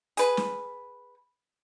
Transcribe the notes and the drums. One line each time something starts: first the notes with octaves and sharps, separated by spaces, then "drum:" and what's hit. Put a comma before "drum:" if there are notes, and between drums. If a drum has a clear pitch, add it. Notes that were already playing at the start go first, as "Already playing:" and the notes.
G#4 B4, drum: hi-hat
drum: snare